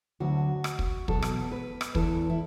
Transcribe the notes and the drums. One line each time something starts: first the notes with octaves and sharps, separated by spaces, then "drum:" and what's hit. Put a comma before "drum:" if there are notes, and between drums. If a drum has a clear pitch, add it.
D2 D3 F#3 F#4
drum: rim click
drum: kick
E2 B2 F#3 A4, drum: kick
drum: rim click
B4
drum: rim click
E2 E3 A4, drum: kick
E4